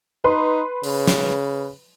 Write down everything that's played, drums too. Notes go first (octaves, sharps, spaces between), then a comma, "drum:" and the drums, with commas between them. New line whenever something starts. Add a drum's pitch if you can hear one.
D#4 B4 C6
C#3, drum: open hi-hat
drum: snare